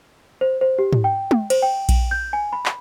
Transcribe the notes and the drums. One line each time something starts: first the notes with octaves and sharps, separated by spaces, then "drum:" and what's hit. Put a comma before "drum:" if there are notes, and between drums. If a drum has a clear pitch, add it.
C5
C5
G4
drum: tom G#2
G5
drum: tom
C5, drum: cymbal
G5
drum: kick A#1, cymbal
G6
G#5
B5
drum: clap